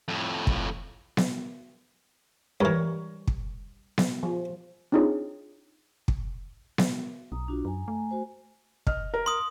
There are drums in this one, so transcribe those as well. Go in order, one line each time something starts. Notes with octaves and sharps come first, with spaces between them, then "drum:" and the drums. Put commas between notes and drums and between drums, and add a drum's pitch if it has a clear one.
F2 A2
drum: kick
drum: snare B3
G2 E3 G3 A#4 C#5
drum: kick
drum: snare B3
F3
C4 D4 D#4 F4 G#4 C#5
drum: kick
drum: snare B3
B1 A#5 D#6
D4 F4 F#4
F#2 G#5 A#5
A3
F#4 C5 G#5
D#5 F6, drum: kick
A#4
C6 D#6